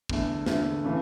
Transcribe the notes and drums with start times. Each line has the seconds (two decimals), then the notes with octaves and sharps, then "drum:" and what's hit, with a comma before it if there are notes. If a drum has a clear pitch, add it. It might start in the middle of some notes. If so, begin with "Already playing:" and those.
0.09 E2 D3 A3, drum: kick
0.46 E2 D3 A3, drum: snare
0.84 C#3 E3 A3